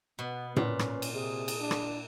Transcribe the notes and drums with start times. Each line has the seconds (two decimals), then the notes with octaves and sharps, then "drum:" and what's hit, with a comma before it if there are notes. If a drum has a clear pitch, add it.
0.19 B2 B3
0.57 A#2 C#4 B4, drum: tom A2
0.79 drum: rim click
1.02 drum: cymbal
1.14 C3 G#4
1.48 drum: cymbal
1.60 D4
1.71 drum: rim click